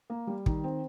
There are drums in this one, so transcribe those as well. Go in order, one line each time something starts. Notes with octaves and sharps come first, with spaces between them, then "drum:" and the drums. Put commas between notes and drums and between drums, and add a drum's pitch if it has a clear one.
A#3
G3
D#3, drum: kick
C4